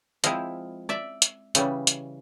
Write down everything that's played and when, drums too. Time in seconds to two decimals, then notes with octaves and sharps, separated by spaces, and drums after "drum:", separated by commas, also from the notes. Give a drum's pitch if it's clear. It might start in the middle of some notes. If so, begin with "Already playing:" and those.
0.24 F3 G#3 C4 E4 D#5 F5, drum: hi-hat
0.89 D5 E5
1.22 drum: hi-hat
1.55 C#3 E3 G3, drum: hi-hat
1.87 drum: hi-hat